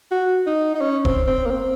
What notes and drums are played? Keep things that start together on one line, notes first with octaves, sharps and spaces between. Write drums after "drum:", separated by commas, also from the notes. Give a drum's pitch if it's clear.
F#4
D#4
D#4
C#4
C4, drum: kick E1
C4
A#3
C4